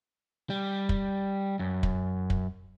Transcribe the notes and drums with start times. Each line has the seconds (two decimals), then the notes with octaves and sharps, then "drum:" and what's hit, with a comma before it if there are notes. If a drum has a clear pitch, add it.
0.50 G3
0.89 drum: kick
1.59 F#2
1.83 drum: kick
2.30 drum: kick